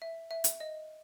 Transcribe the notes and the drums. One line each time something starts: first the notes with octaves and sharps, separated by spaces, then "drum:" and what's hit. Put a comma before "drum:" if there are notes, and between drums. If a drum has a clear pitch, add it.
E5
E5
drum: hi-hat
D#5